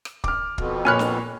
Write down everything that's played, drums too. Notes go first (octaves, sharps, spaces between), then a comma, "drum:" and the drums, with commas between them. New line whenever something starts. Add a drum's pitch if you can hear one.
drum: rim click
D6 F6, drum: kick
F2 B2, drum: kick
A#2 C#5 G#5 B5 F6 F#6
drum: snare